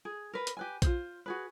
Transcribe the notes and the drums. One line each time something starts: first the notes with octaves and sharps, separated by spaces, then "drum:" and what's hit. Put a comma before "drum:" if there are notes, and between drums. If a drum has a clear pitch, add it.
G#4
A#4 B4
drum: hi-hat
G4 B4 G#5
F4 G#4 C5, drum: kick A#1, hi-hat
F#4 G#4 B4